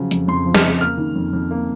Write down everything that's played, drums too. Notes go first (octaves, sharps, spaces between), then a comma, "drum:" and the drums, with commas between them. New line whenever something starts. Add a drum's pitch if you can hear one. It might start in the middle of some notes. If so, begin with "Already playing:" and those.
Already playing: C#3 F3 F#3
F2, drum: hi-hat
F2 C6
F3
F6, drum: snare
C#3
A#3 F6
D#3
F2
F2
A#3